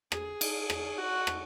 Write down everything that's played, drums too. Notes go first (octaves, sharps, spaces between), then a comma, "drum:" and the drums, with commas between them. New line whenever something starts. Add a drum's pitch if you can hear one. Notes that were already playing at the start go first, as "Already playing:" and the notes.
G#4, drum: rim click
drum: cymbal
drum: rim click
F#4
drum: rim click